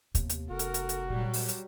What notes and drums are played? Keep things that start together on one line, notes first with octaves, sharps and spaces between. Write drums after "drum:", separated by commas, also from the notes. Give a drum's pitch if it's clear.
D#2 C3 B3, drum: kick, hi-hat
drum: hi-hat
F1 F#4 A4 A#4
drum: hi-hat
drum: hi-hat
drum: hi-hat
A#2 F#3 G3 G4
drum: open hi-hat
drum: hi-hat